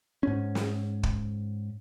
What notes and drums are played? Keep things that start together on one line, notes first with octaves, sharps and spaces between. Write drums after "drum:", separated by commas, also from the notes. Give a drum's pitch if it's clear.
G#2 C#4
drum: snare
drum: kick